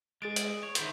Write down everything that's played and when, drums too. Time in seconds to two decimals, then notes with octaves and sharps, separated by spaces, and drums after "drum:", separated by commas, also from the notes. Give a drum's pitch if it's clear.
0.22 G#3 G#4 A6 D7
0.36 drum: hi-hat
0.63 C#5
0.75 D#3 E4 C5, drum: hi-hat